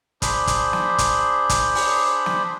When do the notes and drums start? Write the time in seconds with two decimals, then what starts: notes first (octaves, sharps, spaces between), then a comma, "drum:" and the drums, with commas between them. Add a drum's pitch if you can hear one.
0.22 D4 G#4 C5 B5, drum: kick, hi-hat
0.47 drum: kick, hi-hat
0.73 drum: snare
0.98 drum: kick, hi-hat
1.49 drum: kick, hi-hat
1.75 drum: open hi-hat
2.26 drum: snare